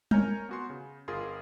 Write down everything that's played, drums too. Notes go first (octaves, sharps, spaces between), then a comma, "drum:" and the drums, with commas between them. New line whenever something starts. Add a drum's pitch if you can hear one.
A#4 C#5 G#5 A#5 F6 G6, drum: tom G3
B3 F#4 C6
C#3
G1 F4 G#4 A#4 C6